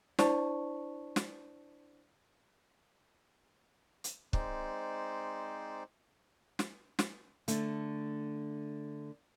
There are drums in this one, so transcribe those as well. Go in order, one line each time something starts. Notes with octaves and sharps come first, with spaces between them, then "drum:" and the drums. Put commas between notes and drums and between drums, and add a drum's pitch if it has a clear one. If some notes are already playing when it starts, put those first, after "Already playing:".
D4 E4 C5 D5 A5 C#6, drum: snare
drum: snare
drum: hi-hat
G#3 C4 D#4 C5 D5, drum: kick
drum: snare
drum: snare
D3 A3, drum: hi-hat